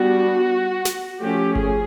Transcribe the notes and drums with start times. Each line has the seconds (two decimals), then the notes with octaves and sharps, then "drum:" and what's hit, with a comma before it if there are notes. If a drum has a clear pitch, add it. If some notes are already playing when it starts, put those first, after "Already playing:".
Already playing: G3 B3 D4 F#4
0.85 drum: snare
1.20 F3 A3 C#4 G4
1.55 G#4, drum: kick G1